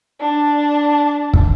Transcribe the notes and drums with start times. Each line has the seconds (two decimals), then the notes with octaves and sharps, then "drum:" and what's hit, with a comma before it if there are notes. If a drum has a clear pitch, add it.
0.20 D4 A5
1.34 drum: kick